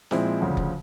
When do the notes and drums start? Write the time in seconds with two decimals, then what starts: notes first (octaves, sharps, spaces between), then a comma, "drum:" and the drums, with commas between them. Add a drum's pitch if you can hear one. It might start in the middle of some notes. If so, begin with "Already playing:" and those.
0.11 A#2 F3 G#3 C4 E4, drum: snare
0.41 D2 C#3 F3
0.57 drum: kick F1